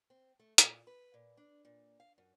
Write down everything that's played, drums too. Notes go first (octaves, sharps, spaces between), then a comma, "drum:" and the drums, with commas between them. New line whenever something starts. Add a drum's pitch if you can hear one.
C4
A3
A#2, drum: hi-hat
B4
A#2
D4
A#2
F5
F#2